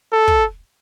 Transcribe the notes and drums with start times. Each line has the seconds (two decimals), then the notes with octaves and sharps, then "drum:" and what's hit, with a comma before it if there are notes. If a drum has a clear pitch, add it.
0.12 A4
0.28 drum: kick